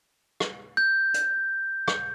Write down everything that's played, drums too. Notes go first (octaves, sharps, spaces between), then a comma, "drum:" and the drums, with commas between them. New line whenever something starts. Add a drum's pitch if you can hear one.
drum: rim click
G6
drum: hi-hat
drum: rim click